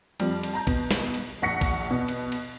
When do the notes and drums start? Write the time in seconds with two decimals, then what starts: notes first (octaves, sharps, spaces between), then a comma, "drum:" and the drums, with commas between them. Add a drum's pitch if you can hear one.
0.20 F2 F3 G3, drum: cymbal
0.43 drum: cymbal
0.53 A5 A#5 G6
0.67 B2, drum: kick, cymbal
0.91 drum: snare
1.14 drum: cymbal
1.42 A#1 F#5 C#6 A#6 B6 C#7
1.61 drum: kick, cymbal
1.91 B2
2.08 drum: cymbal
2.32 drum: cymbal